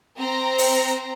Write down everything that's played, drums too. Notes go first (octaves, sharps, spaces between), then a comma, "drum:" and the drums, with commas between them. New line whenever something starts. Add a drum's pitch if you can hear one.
C4 A#5
drum: open hi-hat